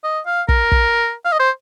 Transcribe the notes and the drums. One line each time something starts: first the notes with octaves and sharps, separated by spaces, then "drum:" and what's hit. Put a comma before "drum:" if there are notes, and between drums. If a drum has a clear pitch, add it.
D#5
F5
A#4, drum: kick
drum: kick
F5
D#5
C5